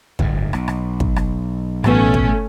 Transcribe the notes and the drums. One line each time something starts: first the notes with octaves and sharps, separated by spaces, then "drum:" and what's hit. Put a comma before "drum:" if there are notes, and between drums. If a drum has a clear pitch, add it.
D1 G1 G#2, drum: kick
B1, drum: rim click
drum: rim click
drum: kick
drum: rim click
A1 B2 A3 B3 C#4, drum: rim click
drum: kick